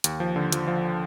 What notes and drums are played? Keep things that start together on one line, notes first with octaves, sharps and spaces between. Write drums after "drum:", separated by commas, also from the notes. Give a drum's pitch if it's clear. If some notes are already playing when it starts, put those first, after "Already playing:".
D#2, drum: hi-hat
F3
D3
F3, drum: hi-hat
F3